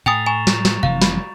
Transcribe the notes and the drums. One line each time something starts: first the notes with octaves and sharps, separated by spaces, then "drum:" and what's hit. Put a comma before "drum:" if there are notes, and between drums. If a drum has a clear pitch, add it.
A2 G5 G#5 A#5 D#6 A6 F7
G#5 A#5 C#6 E7
drum: snare
drum: snare
F1 C3 E3 F5
B5, drum: snare